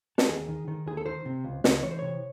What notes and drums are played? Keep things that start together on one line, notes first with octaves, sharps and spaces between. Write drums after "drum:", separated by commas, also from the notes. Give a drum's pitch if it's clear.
A4, drum: snare
D#2 G#4
D#3
D#3
D#2 G#4
A4
D#3 C5
C3
C#2
C#2, drum: snare
E3 C#5
C5
C3 C#5